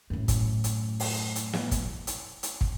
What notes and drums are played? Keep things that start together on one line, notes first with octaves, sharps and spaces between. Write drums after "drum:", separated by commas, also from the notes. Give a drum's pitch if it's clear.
F#2 A2
drum: kick, hi-hat
drum: hi-hat
drum: open hi-hat
drum: hi-hat
drum: snare
drum: kick, hi-hat
drum: hi-hat
drum: hi-hat
drum: kick